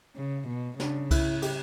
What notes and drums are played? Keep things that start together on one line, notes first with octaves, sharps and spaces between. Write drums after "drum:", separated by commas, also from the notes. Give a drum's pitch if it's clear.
C#3
B2
C#3 D4, drum: snare
E4, drum: kick C2, cymbal
G4, drum: cymbal